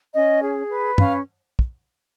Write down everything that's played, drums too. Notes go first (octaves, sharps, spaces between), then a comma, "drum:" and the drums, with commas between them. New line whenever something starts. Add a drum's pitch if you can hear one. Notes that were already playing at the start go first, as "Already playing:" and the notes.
C#4 D#5
G#4
B4
C#4 F5, drum: tom
drum: kick